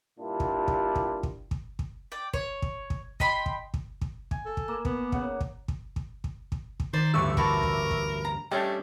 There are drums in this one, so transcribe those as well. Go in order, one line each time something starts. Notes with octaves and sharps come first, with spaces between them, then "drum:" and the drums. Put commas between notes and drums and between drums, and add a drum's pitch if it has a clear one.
G2 A#2 D4 E4 F4 G4
drum: kick
drum: kick
drum: kick
drum: kick
drum: kick
drum: kick
D5 G5
C#5, drum: kick
drum: kick
drum: kick
D#5 G5 B5 C6, drum: kick
drum: kick
drum: kick
drum: kick
G#5, drum: kick
A4
drum: kick
A#3
B3, drum: kick
C#3 F#5, drum: kick
drum: kick
drum: kick
drum: kick
drum: kick
drum: kick
drum: kick
D#3 C5 D5
A1 D2 G2 A3 C#6 D6 E6
E4 F#4 A#4 A5, drum: kick
drum: kick
drum: kick
A#5
G3 A3 C#4 D4 D5 D#5 G5